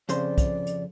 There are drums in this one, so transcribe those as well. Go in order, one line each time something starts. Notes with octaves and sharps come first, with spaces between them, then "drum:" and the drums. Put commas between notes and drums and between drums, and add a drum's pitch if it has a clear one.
F2 C#3 C5 D5, drum: hi-hat
drum: kick, hi-hat
drum: hi-hat